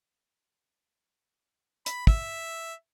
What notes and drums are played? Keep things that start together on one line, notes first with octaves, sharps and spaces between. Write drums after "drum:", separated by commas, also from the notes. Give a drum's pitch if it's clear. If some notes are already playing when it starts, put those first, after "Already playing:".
B5, drum: hi-hat
E5, drum: kick